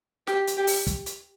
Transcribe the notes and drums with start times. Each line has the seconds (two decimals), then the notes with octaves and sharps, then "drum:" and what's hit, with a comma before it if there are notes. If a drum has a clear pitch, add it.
0.27 G4, drum: snare
0.47 drum: hi-hat
0.57 G4
0.67 drum: open hi-hat
0.87 drum: kick, hi-hat
1.06 drum: hi-hat